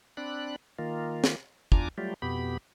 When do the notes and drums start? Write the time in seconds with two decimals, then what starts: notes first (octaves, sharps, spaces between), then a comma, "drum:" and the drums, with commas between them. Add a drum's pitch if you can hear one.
0.17 C4 D4 D5 B5 F#6
0.79 D#3 A#3 F4
1.24 drum: snare
1.72 E2 D4 F4 G#5 A#5 D6, drum: kick
1.98 F#3 G3 A3 F4 G4
2.22 F2 B2 B3 G4 B5